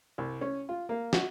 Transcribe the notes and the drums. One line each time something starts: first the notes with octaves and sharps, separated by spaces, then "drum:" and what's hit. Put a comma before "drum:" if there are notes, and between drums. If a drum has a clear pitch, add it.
C2
C#4
F4
A#3
F#4, drum: snare